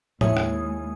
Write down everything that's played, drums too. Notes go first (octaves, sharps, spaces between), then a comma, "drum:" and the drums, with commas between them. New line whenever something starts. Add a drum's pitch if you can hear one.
D#2 G#3 E4 C#5 G#5 D#6, drum: tom A2
drum: rim click